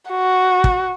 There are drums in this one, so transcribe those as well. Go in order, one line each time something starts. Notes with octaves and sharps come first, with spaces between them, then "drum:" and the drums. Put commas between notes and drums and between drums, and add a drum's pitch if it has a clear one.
F#4
drum: kick